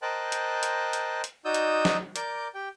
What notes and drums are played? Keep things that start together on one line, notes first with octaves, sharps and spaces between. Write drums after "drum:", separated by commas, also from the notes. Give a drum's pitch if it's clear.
A#4 C5 D#5 G5 A5 F#6
drum: hi-hat
drum: hi-hat
drum: hi-hat
drum: hi-hat
D#4 F#4 D5 D#6 E6 G6
drum: hi-hat
drum: snare
A#4 D5 D6 G6, drum: hi-hat
G4 G5